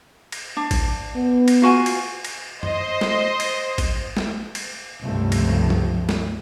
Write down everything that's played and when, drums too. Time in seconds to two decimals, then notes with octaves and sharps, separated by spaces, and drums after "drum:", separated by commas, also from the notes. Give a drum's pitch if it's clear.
0.32 drum: cymbal
0.57 D4
0.71 drum: kick A1, cymbal
1.15 B3
1.48 drum: cymbal
1.62 F4 F#4 G#5
1.86 drum: cymbal
2.25 drum: cymbal
2.63 C5 D#5, drum: tom F#2
3.01 drum: snare
3.40 drum: cymbal
3.78 drum: kick A1, cymbal
4.17 drum: snare
4.55 drum: cymbal
5.01 C#2 G2 C3 F3 A3
5.32 drum: cymbal
5.70 drum: tom
6.09 drum: snare